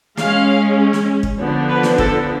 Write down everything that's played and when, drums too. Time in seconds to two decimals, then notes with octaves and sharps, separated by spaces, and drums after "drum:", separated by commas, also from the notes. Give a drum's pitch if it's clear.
0.17 G#3 C#4 F5, drum: snare
0.93 drum: snare
1.23 drum: kick
1.38 D3 F3 B3 D4 C#5
1.68 B4
1.83 drum: snare
1.98 A4, drum: kick